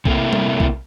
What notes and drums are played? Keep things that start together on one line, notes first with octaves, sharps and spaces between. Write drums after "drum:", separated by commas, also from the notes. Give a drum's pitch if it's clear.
C3 A3 A#3 E4, drum: kick B1
drum: tom G3
drum: kick B1